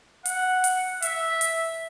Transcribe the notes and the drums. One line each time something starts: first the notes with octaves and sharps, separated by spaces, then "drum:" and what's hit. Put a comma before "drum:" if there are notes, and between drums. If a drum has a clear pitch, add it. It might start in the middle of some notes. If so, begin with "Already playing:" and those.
F#5, drum: hi-hat
drum: hi-hat
E5, drum: hi-hat
drum: hi-hat